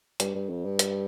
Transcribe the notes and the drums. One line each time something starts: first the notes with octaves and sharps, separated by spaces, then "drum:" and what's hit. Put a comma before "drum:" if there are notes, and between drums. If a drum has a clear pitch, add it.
G2, drum: hi-hat
G2
F2
G2
drum: hi-hat